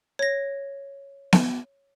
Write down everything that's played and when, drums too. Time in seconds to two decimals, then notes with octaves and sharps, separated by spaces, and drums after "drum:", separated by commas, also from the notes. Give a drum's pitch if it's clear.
0.19 C#5 A#6
1.33 drum: snare B3